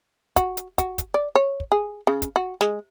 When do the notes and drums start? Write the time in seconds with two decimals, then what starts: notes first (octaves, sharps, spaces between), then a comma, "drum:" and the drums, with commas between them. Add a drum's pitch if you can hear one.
0.36 F#4, drum: kick, hi-hat
0.57 drum: hi-hat
0.78 F#4, drum: kick, hi-hat
0.98 drum: kick, hi-hat
1.14 D5
1.35 C#5
1.60 drum: kick
1.72 G#4
2.07 C#3
2.22 drum: kick, hi-hat
2.36 F#4
2.61 G#3, drum: snare